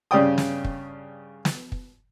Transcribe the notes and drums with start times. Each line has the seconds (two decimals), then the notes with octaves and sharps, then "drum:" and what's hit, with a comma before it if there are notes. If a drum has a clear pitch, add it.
0.11 G2 C#3 C#4 D5 G5 D#6
0.38 drum: snare
0.64 drum: kick
1.45 drum: snare
1.72 drum: kick